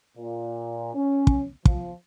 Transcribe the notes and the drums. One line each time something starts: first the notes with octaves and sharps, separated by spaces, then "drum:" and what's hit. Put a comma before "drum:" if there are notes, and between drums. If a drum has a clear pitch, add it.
A#2
C#4
drum: kick
F3, drum: kick